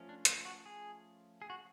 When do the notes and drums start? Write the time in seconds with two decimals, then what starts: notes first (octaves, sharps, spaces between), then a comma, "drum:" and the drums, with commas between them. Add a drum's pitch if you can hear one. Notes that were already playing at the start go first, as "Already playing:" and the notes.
Already playing: F3 A3 C#4
0.09 D4
0.25 F4, drum: hi-hat
0.45 F#4
0.66 G#4
1.42 G#4
1.50 F#4